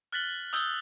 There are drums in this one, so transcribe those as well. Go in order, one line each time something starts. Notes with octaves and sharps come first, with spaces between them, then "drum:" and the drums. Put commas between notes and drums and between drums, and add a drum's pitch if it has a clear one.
F6 F#6 A6 B6 F#7 G7
D#6 E6 G6 G7, drum: hi-hat